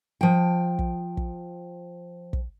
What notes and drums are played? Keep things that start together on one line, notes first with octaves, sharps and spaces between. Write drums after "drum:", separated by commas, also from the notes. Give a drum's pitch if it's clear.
F3 G5
drum: kick
drum: kick
drum: kick